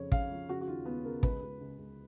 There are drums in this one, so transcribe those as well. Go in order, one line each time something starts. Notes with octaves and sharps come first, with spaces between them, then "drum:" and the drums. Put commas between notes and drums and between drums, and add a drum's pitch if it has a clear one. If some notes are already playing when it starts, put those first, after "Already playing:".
Already playing: F2 C#3 C#5
C#3 F5, drum: kick
F3
C#3 F#4
F#4
D#2 F4
D#2 B3
C#3 A#4
C#2 B4, drum: kick
C#2
C#2
C#2